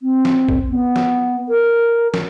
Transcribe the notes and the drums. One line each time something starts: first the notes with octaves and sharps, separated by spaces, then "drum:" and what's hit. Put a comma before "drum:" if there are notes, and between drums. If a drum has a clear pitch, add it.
C4
drum: snare
drum: kick A#1
B3
drum: snare
A#4
drum: snare